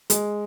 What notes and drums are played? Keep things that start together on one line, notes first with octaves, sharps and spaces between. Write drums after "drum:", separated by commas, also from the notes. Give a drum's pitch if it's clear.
G#3, drum: hi-hat